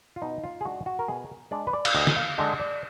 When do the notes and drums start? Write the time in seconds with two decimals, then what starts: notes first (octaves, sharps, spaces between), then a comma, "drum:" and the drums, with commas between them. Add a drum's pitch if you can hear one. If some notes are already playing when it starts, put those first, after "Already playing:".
0.16 F4
0.22 B2 D#4
0.44 F4
0.61 G#4
0.65 G#3 D4 F#4
0.86 F#4
0.99 A#4
1.08 B2 G#4
1.51 G#3 D4 D5
1.67 B4
1.73 D5
1.85 F5, drum: cymbal
1.95 D2 D#5
2.07 drum: snare
2.16 F5
2.38 D3 G#3 D4 D#5
2.60 D5